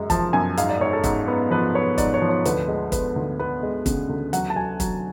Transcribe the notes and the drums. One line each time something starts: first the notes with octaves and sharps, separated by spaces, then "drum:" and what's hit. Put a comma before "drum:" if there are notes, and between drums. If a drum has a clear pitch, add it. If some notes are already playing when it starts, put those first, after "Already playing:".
Already playing: F#2 G#3
F3 A5, drum: kick, hi-hat
F#2 G#5
G#2 F5, drum: hi-hat
D5
G#2 C#5
A4
G#2, drum: kick, hi-hat
B3
F3 B4
B3 C#5
G#2 D5, drum: kick, hi-hat
C#5
F3
C#5
D2 B4, drum: hi-hat
G#3
B3 B4, drum: kick, hi-hat
D2
B3 B4
G#3
C#3, drum: kick, hi-hat
D2
F#3 F#5, drum: hi-hat
A5
F#3 G#5
F#3, drum: kick, hi-hat